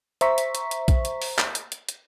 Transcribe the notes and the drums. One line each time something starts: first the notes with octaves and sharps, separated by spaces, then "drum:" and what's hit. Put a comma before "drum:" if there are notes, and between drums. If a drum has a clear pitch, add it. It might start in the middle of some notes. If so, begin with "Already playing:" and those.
C5 E5 A#5 C#6 B6, drum: hi-hat
drum: hi-hat
drum: hi-hat
drum: hi-hat
drum: kick A#1, hi-hat
drum: hi-hat
drum: open hi-hat
drum: clap
drum: hi-hat
drum: hi-hat
drum: hi-hat